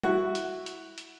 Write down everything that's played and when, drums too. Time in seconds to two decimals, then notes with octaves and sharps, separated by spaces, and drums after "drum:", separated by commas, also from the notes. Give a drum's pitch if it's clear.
0.03 E4 F#4, drum: tom G3
0.35 drum: hi-hat
0.66 drum: hi-hat
0.98 drum: hi-hat